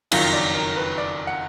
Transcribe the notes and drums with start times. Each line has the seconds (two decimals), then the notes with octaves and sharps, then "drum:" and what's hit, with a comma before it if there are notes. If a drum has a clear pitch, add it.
0.11 F#1 F2 D#3 F#3 F4, drum: cymbal
0.33 D5
0.55 A#4
0.77 B4
0.98 D5
1.27 F#5